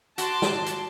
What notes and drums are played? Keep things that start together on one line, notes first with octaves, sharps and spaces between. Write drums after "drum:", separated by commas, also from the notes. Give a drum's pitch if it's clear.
F#4 A5 C6 D6, drum: hi-hat
drum: snare
drum: hi-hat